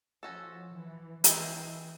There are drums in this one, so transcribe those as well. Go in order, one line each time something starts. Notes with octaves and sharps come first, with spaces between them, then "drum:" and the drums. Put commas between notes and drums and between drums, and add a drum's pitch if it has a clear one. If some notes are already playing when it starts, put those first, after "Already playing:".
F3 C#4 F#4 A4
E3
E3 G#3 C4 E4, drum: hi-hat